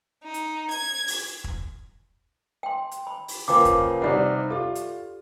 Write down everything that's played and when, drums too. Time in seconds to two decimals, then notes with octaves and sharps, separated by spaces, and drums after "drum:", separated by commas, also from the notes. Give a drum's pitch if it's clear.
0.24 D#4
0.34 drum: hi-hat
0.71 G#6, drum: hi-hat
1.08 drum: open hi-hat
1.44 drum: kick
2.63 G5 C6
2.91 drum: hi-hat
3.07 B5
3.28 drum: open hi-hat
3.48 C#3 F3 A#3 B4 G5 D6
3.65 drum: kick, hi-hat
4.02 C3 G3 D#4 G4 D5 F#5
4.50 F4 G4 A4
4.75 drum: hi-hat